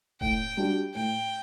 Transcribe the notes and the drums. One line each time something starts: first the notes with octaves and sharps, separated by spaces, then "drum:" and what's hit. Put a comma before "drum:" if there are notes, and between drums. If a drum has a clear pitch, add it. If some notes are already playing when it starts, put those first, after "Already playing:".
A2 G5, drum: kick E1
G3 D4 F#4
A2 G5